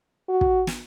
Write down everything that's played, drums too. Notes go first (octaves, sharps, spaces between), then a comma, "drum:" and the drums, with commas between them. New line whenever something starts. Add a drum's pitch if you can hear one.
F#4
drum: kick
drum: snare